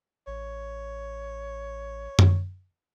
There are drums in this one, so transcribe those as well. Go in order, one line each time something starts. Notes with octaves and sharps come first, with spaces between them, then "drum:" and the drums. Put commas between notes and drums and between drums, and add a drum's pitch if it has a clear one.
A1 C#5
drum: tom F#2